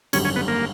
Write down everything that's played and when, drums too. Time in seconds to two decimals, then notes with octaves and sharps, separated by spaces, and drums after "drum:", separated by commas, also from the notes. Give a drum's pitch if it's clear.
0.13 G#1 F#2 D3 G3 C#4, drum: cymbal
0.25 C#4
0.36 B3
0.48 A#3